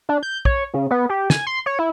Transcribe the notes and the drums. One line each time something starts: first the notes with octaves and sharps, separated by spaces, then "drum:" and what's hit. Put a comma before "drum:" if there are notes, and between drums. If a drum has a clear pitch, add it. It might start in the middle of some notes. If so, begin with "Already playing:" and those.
D4
G6
C#5, drum: kick
C#3
B3
G4
G#5, drum: snare
C6
C#5
E4